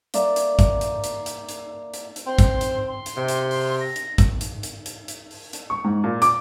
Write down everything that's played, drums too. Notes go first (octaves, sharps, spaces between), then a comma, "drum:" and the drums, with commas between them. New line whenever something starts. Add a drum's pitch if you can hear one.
A#3 D5 E5, drum: hi-hat
drum: hi-hat
drum: kick, hi-hat
drum: hi-hat
drum: hi-hat
drum: hi-hat
drum: hi-hat
drum: hi-hat
drum: hi-hat
C4 C6
drum: kick, hi-hat
drum: hi-hat
C6
drum: hi-hat
C3
drum: hi-hat
drum: open hi-hat
A#6
drum: hi-hat
drum: kick, hi-hat
drum: hi-hat
drum: hi-hat
drum: hi-hat
drum: hi-hat
drum: open hi-hat
drum: hi-hat
C#6
G#2
A#2
D6, drum: hi-hat